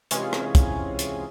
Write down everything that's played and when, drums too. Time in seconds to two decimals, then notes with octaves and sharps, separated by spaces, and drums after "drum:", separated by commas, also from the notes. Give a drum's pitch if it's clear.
0.11 C3 E3 G#3 C#4 F4 G#4, drum: hi-hat
0.33 drum: rim click
0.55 drum: kick, hi-hat
0.99 drum: hi-hat